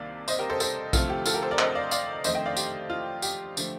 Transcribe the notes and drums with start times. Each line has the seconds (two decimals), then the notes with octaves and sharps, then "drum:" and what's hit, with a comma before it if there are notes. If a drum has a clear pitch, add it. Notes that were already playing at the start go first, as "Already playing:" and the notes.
Already playing: C2 C3 D#3 A#3 D5 F5
0.28 C5 D#5, drum: tambourine
0.39 G4 A#4
0.50 A4 C5
0.60 A4 C5, drum: tambourine
0.93 D2 C3 F3 A3 F4 A4, drum: kick A#1, tambourine
1.09 G4
1.26 F4 A4, drum: tambourine
1.34 G4 A#4
1.42 A4 C5
1.51 A#4 D5
1.59 C5 D#5, drum: clap
1.75 D5 F5
1.91 D5 F5, drum: tambourine
2.24 F2 D#3 A3 C4 C5 D#5, drum: tambourine
2.35 D#5 G5
2.46 D5 F5
2.57 G4, drum: tambourine
2.90 F4
3.22 G4, drum: tambourine
3.57 D3 F3 A3, drum: tambourine